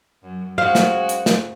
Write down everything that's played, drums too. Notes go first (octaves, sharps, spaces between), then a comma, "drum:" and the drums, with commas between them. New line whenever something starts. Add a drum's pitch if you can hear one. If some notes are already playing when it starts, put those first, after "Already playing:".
F#2
G#3 C#4 F#4 C5 F5
drum: snare
drum: hi-hat
drum: snare